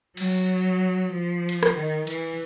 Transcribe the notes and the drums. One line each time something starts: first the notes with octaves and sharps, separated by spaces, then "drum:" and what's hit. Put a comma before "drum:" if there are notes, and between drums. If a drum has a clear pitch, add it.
F#3, drum: cymbal
F3
drum: cymbal
drum: rim click
D#3
E3, drum: cymbal